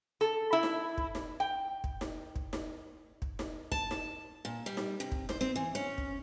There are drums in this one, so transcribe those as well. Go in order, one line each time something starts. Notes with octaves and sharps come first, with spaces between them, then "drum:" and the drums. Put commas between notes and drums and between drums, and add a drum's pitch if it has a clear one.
A4
E4
drum: snare D#4
drum: kick
drum: snare D#4
G5
drum: kick
drum: snare D#4
drum: kick
drum: snare D#4
drum: kick
drum: snare D#4
A5, drum: kick
drum: snare D#4
A#2
G3
drum: snare D#4
C3
drum: kick
C5, drum: snare D#4
C4
E3
C#4
drum: kick